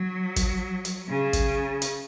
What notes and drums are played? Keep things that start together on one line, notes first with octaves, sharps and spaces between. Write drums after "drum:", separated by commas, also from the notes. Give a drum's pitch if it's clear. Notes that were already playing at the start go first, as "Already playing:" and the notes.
Already playing: F#3
drum: kick, hi-hat
drum: hi-hat
C#3
drum: kick, hi-hat
drum: hi-hat